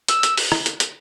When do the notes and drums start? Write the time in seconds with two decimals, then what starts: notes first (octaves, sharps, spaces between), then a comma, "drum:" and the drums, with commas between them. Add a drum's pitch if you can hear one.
0.08 E6, drum: hi-hat
0.23 drum: hi-hat
0.37 drum: open hi-hat
0.52 drum: rim click
0.66 drum: hi-hat
0.80 drum: hi-hat